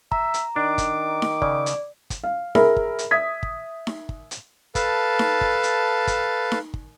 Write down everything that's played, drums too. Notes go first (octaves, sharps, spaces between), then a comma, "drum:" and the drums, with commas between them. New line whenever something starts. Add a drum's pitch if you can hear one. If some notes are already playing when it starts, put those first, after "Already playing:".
E5 A#5, drum: kick
drum: hi-hat
D#3 D4 D6
drum: kick, hi-hat
drum: snare D#4
C#3 D5, drum: kick
drum: hi-hat
drum: kick, hi-hat
F5
G#4 A#4 E5 B5, drum: snare D#4
drum: kick
drum: hi-hat
E5 D#6 G#6 B6
drum: kick
drum: snare D#4
drum: kick
drum: hi-hat
A4 B4 F5 A5, drum: kick, hi-hat
drum: snare D#4
drum: kick
drum: hi-hat
drum: kick, hi-hat
drum: snare D#4
drum: kick